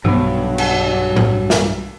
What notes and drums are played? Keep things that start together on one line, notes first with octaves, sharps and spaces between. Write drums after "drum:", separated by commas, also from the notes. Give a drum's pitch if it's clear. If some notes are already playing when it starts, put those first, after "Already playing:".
B1 G2 C3 F#3 B3, drum: tom G2
drum: cymbal
drum: tom A2
drum: snare